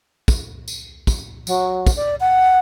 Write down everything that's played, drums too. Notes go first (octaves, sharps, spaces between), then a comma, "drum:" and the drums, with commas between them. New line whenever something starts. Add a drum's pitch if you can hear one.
drum: kick, tambourine
drum: tambourine
drum: kick, tambourine
F#3, drum: tambourine
drum: kick, tambourine
D5
F#5